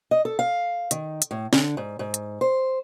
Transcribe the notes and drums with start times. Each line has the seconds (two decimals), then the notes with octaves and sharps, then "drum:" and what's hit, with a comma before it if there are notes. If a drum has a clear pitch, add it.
0.11 D#5
0.25 A4
0.39 F5
0.91 D#3, drum: hi-hat
1.22 drum: hi-hat
1.31 A2
1.53 D3, drum: snare
1.77 G#2
1.99 G#2
2.14 drum: hi-hat
2.41 C5